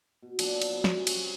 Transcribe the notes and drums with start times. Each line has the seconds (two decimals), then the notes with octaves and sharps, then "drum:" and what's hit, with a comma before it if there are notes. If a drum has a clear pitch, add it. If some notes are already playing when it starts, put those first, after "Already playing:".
0.22 B2
0.39 F3 F#3 A#3 D4, drum: cymbal
0.62 drum: cymbal
0.71 F#3 B3
0.84 drum: snare
0.96 C3 C#4 C#6
1.07 drum: cymbal